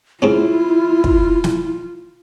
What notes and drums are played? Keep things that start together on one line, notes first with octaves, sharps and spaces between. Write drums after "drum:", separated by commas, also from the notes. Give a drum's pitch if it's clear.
G#2 C3 C#4 E4 F4
drum: kick
drum: snare